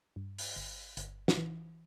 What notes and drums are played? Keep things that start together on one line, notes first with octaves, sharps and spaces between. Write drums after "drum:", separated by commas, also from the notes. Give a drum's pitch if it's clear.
G2
drum: open hi-hat
G1
G1, drum: hi-hat
drum: snare
E3